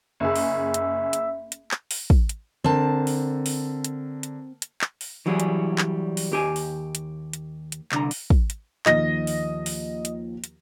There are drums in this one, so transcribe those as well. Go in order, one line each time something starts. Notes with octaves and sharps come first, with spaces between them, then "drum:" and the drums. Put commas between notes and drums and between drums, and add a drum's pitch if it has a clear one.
F#1 G#4 E5
drum: open hi-hat
drum: hi-hat
drum: hi-hat
drum: hi-hat
drum: clap
drum: open hi-hat
drum: kick
drum: hi-hat
D3 C4 A#4 A5
drum: open hi-hat
drum: open hi-hat
drum: hi-hat
drum: hi-hat
drum: hi-hat
drum: clap
drum: open hi-hat
E3 F#3 G3 E4 G#4
drum: hi-hat
drum: clap
drum: open hi-hat
D#2 G4 G#5
drum: open hi-hat
drum: hi-hat
drum: hi-hat
drum: hi-hat
C2 D3 A#5, drum: clap
drum: open hi-hat
drum: kick
drum: hi-hat
D#2 D#3 F3 D#5 A#6, drum: clap
drum: open hi-hat
drum: open hi-hat
drum: hi-hat
drum: hi-hat